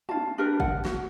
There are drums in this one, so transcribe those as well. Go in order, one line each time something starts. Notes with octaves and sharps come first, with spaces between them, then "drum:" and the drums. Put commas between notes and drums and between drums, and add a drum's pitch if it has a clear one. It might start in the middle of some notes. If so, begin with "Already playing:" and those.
F5 A5, drum: tom
D4 G4 A#4 B4
F#5, drum: kick
F#4, drum: snare